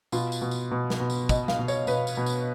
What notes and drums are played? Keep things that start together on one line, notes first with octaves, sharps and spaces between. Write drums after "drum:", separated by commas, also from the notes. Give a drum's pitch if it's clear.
B2 F4, drum: tambourine
drum: tambourine
B2
drum: tambourine
B2
drum: snare
B2
drum: tambourine
B2 D#5, drum: kick, tambourine
F5, drum: snare
B2
C#5, drum: tambourine
B2 B4, drum: tambourine
drum: tambourine
B2
drum: tambourine